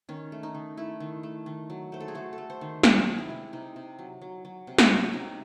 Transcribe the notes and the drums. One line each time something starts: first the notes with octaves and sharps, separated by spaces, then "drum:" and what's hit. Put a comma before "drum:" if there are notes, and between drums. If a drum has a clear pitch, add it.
D#3 C#4
A3
D#4
D#3
A3 E4
D#3
A3
D#3
F#3
A3 C5
A4
G#4
A3 F#4
A4
A3
C5
D#3
C3 G#4, drum: snare
C3
E4
C3
C3 D#4
C3
F#3
F#3
F#3
C3
drum: snare
F#3 C#4
C3 D#4